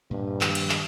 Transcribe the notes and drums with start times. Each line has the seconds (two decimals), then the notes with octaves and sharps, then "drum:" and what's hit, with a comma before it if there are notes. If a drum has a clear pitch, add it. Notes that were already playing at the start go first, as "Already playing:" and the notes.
0.11 G2 A#2
0.41 D#3 F3, drum: clap
0.55 drum: cymbal
0.69 drum: clap